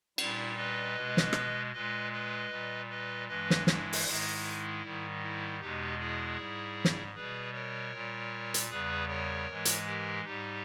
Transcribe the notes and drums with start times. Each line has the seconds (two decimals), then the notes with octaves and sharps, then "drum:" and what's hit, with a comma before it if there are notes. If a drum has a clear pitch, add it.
0.18 A#2 G3 E4, drum: cymbal
0.57 B4 D#5
0.95 B2 G#3
1.17 drum: snare
1.33 drum: rim click
1.72 A#2 G#3 B4 D#5
2.12 B4 D#5
2.50 A#2 G3
2.89 B4 D#5
3.27 G2 E3 G#3 B4 D#5
3.50 drum: snare
3.67 E4, drum: snare
3.93 drum: open hi-hat
4.05 G#2 D#3 G#3
4.82 G#2 D#3 G3
5.22 E4
5.59 E2 B2 G#3 D#4 G4
5.99 E4 G#4
6.37 G#2 G3
6.85 drum: snare
7.14 B2 G3 G#4 B4
7.53 A#4 C#5
7.93 A#2 G3
8.54 drum: hi-hat
8.70 E2 C#3 G3 G#4 B4
9.08 A#4 C#5
9.48 G#2 E3 G#3
9.65 drum: hi-hat
9.85 G4 A#4
10.25 G#2 G3 D#4 G4